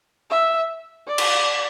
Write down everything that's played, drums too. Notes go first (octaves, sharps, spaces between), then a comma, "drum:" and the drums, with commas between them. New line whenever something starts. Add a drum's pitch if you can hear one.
E5
D5
drum: cymbal